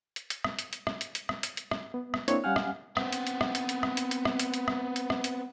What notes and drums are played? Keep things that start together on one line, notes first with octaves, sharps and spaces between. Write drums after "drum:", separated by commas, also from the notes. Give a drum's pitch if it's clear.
drum: hi-hat
drum: hi-hat
drum: rim click
drum: hi-hat
drum: hi-hat
drum: rim click
drum: hi-hat
drum: hi-hat
drum: rim click
drum: hi-hat
drum: hi-hat
drum: rim click
B3
drum: rim click
A#3 C4 D4 E4 C#5, drum: hi-hat
G3 C#4 F5 F#5 G#5 F6
drum: rim click
B3 C4, drum: rim click
drum: hi-hat
drum: hi-hat
drum: rim click
drum: hi-hat
drum: hi-hat
drum: rim click
drum: hi-hat
drum: hi-hat
drum: rim click
drum: hi-hat
drum: hi-hat
drum: rim click
drum: hi-hat
drum: rim click
drum: hi-hat